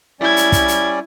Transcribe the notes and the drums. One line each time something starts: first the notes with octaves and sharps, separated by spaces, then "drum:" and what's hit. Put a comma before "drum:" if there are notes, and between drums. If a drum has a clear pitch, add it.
G3 C#4 E4 D5 G#6
drum: hi-hat
drum: kick, hi-hat
drum: hi-hat